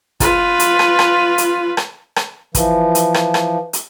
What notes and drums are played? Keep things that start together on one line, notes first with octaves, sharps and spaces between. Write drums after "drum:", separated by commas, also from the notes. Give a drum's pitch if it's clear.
F4 B4, drum: kick, hi-hat
drum: hi-hat
drum: rim click
drum: rim click
drum: hi-hat
drum: rim click
drum: rim click
E3 F3, drum: kick, hi-hat
drum: hi-hat
drum: rim click
drum: rim click
drum: hi-hat